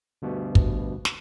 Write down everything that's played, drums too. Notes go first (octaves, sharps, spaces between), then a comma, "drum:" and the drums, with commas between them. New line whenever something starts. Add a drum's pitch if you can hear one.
D2 G2 B2
drum: kick
drum: snare